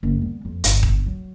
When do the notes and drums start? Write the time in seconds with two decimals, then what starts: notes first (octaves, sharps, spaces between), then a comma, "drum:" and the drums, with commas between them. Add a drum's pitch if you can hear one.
0.03 F#1
0.18 G3 B3
0.45 F2
0.64 G1, drum: hi-hat
0.83 drum: kick D#1
1.06 F#3